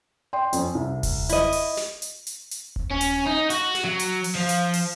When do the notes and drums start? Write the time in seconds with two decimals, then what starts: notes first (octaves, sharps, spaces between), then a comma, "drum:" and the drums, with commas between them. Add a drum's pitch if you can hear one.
0.33 D5 G5 C6
0.53 F2 C#4, drum: hi-hat
0.75 C2
1.03 drum: kick D#1, open hi-hat
1.29 E4 D#5, drum: hi-hat
1.52 drum: open hi-hat
1.77 drum: snare
2.02 drum: hi-hat
2.27 drum: hi-hat
2.51 drum: hi-hat
2.76 drum: kick D#1
2.91 C#4
3.01 drum: hi-hat
3.26 D#4
3.50 F#4, drum: hi-hat
3.75 drum: snare
3.85 F#3
3.99 drum: hi-hat
4.24 drum: open hi-hat
4.35 F3
4.49 drum: hi-hat
4.73 drum: open hi-hat